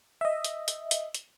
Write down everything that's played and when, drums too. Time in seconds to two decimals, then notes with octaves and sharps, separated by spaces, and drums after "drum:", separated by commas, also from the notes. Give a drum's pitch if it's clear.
0.21 D#5 E5
0.44 drum: hi-hat
0.68 drum: hi-hat
0.91 drum: hi-hat
1.14 drum: hi-hat